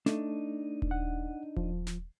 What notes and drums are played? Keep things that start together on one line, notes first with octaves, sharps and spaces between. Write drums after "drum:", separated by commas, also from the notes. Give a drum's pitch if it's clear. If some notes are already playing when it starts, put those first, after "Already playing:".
A3 D4 D#4, drum: snare
drum: kick D#1
F#5
F3, drum: kick D#1
drum: snare